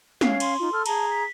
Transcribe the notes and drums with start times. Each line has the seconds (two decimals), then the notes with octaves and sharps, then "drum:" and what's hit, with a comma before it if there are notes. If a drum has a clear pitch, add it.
0.21 C#4 F5 C7, drum: snare
0.40 C6, drum: cymbal
0.59 D#4 F4
0.72 A4 F6
0.86 G#4 A5 A#5, drum: cymbal
1.10 B6